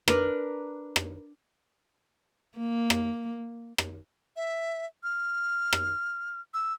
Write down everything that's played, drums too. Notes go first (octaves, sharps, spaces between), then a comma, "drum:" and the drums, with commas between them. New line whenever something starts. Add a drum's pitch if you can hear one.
D4 A#4 B4, drum: rim click
drum: rim click
A#3
drum: rim click
drum: rim click
E5
F6
drum: rim click
E6